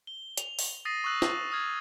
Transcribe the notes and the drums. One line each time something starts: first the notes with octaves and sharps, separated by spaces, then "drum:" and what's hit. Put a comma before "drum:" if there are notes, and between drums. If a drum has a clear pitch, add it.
G7
F7, drum: hi-hat
drum: open hi-hat
D#6 A6 A#6 C7 D#7
C#6 D#6 E6 F#6 C7 F#7
drum: snare
D#6 F6 G#6